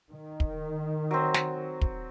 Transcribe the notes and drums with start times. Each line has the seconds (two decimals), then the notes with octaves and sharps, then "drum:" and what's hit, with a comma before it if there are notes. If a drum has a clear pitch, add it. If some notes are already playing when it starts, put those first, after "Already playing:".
0.11 D#3
0.40 drum: kick
1.11 F#3 C4
1.34 drum: snare
1.81 drum: kick